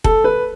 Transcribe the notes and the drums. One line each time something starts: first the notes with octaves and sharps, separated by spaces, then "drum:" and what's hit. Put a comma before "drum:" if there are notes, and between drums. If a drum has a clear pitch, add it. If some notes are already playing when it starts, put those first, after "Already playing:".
A4, drum: kick F1
B4